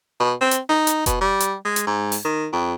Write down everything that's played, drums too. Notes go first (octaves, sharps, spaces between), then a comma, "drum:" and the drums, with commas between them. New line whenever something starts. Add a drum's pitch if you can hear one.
B2
C4
drum: hi-hat
D#4
drum: hi-hat
B2, drum: kick F1, hi-hat
G3
drum: hi-hat
G#3
drum: hi-hat
G#2
drum: open hi-hat
D#3
F2